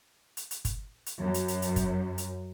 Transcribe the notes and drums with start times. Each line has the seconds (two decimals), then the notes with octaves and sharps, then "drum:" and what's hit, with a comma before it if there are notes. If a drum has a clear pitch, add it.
0.37 drum: hi-hat
0.51 drum: hi-hat
0.65 drum: kick G1, hi-hat
1.06 drum: hi-hat
1.20 F#2
1.34 drum: hi-hat
1.48 drum: hi-hat
1.62 drum: hi-hat
1.76 drum: kick G1, hi-hat
2.18 drum: hi-hat